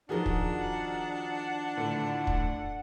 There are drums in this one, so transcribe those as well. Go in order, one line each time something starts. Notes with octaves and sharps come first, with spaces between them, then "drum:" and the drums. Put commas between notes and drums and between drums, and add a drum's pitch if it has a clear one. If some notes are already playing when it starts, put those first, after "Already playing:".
D#3 F3 D4 F#4 G#4 A#4
drum: kick
F#5
A2 D3
drum: kick